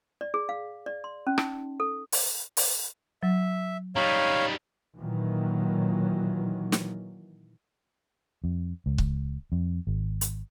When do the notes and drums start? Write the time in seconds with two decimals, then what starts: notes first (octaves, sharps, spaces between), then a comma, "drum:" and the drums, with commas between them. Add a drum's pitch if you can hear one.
0.21 D5
0.34 G#4
0.49 F5
0.86 D5
1.04 C6
1.27 C#4
1.38 D#4, drum: rim click
1.80 A4
2.12 drum: open hi-hat
2.57 drum: open hi-hat
3.23 F#3 E5
3.96 G3 D#4 C#5 F5 A#5
4.98 A#2 D#3 E3 F#3
6.72 drum: snare
8.44 F2
8.86 C#2
8.98 drum: kick C#1
9.52 F2
9.87 G#1
10.21 drum: hi-hat